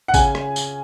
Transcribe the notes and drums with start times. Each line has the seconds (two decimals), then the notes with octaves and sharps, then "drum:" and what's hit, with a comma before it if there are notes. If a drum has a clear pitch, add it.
0.08 F#5
0.14 C#3 G#5, drum: kick A1, tambourine
0.35 drum: rim click
0.56 drum: tambourine